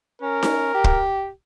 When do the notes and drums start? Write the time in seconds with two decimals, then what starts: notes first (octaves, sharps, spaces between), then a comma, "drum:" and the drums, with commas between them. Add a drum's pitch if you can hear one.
0.22 C#4 A#4
0.43 drum: snare D#4
0.74 G4
0.84 drum: kick